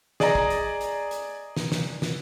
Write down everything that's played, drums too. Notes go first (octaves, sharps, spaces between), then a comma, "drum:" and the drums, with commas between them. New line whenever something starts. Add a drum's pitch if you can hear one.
G#4 D5 D#5 G#5 A#5, drum: snare
drum: kick
drum: hi-hat
drum: hi-hat
drum: hi-hat
drum: snare
drum: snare
drum: snare